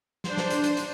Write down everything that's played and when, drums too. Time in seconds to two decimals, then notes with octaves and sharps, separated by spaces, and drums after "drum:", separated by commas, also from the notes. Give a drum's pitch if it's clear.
0.24 D4 C5, drum: snare
0.37 drum: snare
0.50 drum: hi-hat
0.64 drum: hi-hat
0.77 drum: hi-hat